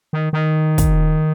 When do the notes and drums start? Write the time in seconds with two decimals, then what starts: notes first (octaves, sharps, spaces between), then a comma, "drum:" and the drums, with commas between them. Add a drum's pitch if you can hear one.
0.13 D#3
0.33 D#3
0.78 drum: kick, hi-hat